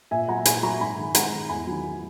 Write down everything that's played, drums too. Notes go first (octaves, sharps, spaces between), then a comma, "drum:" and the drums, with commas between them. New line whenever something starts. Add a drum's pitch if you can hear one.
A#2 E5 G#5
F#3 F#5 A#5
A#2 G#5 B5, drum: hi-hat
F#3 A#5 C#6
G#2 G#5 B5
D#3 G#3
G#2 F#5 A#5, drum: hi-hat
D#3 G#3
E2 G#5 B5
D#3 F#3